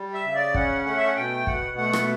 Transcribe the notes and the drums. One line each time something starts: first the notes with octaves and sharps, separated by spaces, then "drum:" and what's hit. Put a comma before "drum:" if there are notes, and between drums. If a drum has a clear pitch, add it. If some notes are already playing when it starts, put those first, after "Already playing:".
Already playing: G3
E5
C#3
D5
C#4 F#5, drum: kick
A3 F#5
E5
F#5
B2 G5
B2 F#5, drum: kick
A3 F#5
drum: rim click